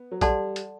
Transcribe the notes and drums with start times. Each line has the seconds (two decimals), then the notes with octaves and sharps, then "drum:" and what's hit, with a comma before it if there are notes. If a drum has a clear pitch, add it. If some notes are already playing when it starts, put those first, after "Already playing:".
Already playing: B3
0.11 F#3
0.21 G3 A4 D5 F#5 A5 C6, drum: kick, hi-hat
0.56 drum: hi-hat